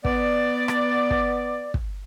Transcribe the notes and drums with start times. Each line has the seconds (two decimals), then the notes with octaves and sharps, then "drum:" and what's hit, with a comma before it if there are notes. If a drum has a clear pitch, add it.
0.05 B3 D5, drum: kick
0.68 drum: rim click
1.11 drum: kick
1.74 drum: kick